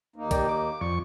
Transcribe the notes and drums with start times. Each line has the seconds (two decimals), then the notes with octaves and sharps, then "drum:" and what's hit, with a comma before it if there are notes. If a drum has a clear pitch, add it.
0.16 D#2 A#3 D#4
0.31 G4 A#4 D5, drum: kick B1, hi-hat
0.49 D6
0.81 F2 D5 C#6